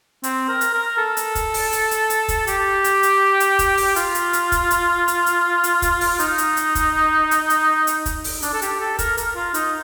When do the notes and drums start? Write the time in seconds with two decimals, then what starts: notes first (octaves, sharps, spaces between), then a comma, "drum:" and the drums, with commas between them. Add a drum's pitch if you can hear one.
0.24 C4, drum: hi-hat
0.49 A#4
0.61 drum: hi-hat
0.73 A#4
0.98 A4
1.17 drum: hi-hat
1.35 drum: kick, hi-hat
1.54 drum: open hi-hat
1.73 drum: hi-hat
1.91 drum: hi-hat
2.10 drum: hi-hat
2.28 drum: kick, hi-hat
2.47 G4, drum: hi-hat
2.84 drum: hi-hat
3.03 drum: hi-hat
3.40 drum: hi-hat
3.59 drum: kick, hi-hat
3.77 drum: open hi-hat
3.96 F4, drum: hi-hat
4.15 drum: hi-hat
4.33 drum: hi-hat
4.52 drum: kick, hi-hat
4.70 drum: hi-hat
5.08 drum: hi-hat
5.26 drum: hi-hat
5.64 drum: hi-hat
5.82 drum: kick, hi-hat
6.01 drum: open hi-hat
6.19 D#4, drum: hi-hat
6.38 drum: hi-hat
6.57 drum: hi-hat
6.75 drum: kick, hi-hat
7.31 drum: hi-hat
7.50 drum: hi-hat
7.87 drum: hi-hat
8.06 drum: kick, hi-hat
8.24 drum: open hi-hat
8.42 D4, drum: hi-hat
8.53 A4
8.62 G4, drum: hi-hat
8.80 A4
8.99 A#4, drum: kick, hi-hat
9.17 A#4, drum: hi-hat
9.36 F4
9.54 D#4, drum: hi-hat